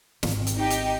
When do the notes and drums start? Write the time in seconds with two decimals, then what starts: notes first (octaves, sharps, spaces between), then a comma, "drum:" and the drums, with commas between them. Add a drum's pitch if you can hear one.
0.23 G#1, drum: snare
0.47 drum: hi-hat
0.57 D#4 G4
0.70 drum: hi-hat